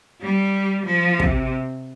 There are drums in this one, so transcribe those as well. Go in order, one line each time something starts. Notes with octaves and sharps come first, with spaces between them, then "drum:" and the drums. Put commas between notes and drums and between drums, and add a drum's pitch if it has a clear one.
G3
F3
C3, drum: kick